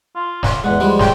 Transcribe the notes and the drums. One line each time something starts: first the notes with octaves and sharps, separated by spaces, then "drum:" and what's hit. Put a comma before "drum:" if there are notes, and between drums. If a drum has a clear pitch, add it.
F4
drum: snare
E2 G#3 F#5
F3 G3 G#3
G5, drum: snare